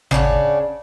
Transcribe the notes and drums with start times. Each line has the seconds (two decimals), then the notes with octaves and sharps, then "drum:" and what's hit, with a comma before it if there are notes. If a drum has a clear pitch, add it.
0.11 C#3 D4 C#5 F#5, drum: tom G#1